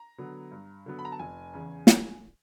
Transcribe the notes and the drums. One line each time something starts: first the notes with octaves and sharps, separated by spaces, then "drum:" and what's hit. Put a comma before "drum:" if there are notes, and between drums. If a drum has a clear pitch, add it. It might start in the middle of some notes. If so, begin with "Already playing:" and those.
Already playing: A#5
D3 F#3 B3
G2
D3 F#3 B3
B5
A#5
A5
F1 G#5
E2 C#3 E3
drum: snare